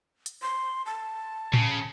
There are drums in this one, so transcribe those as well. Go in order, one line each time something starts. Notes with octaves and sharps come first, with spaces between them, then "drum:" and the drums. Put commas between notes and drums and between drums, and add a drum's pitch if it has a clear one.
drum: hi-hat
C6
A5
C#3, drum: tom A2